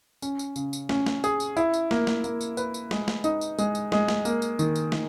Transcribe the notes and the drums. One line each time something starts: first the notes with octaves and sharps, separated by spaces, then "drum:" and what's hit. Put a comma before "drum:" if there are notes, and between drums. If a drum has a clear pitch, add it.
C#4, drum: tambourine
drum: tambourine
C#3, drum: tambourine
drum: tambourine
C#4, drum: snare
drum: snare
G#4, drum: tambourine
drum: tambourine
E4, drum: tambourine
drum: tambourine
A#3, drum: snare
drum: snare
A#3, drum: tambourine
drum: tambourine
B4, drum: tambourine
drum: tambourine
G#3, drum: snare
drum: snare
D#4, drum: tambourine
drum: tambourine
G#3, drum: tambourine
drum: tambourine
G#3, drum: snare
drum: snare
A#3, drum: tambourine
drum: tambourine
D#3, drum: tambourine
drum: tambourine
D#3, drum: snare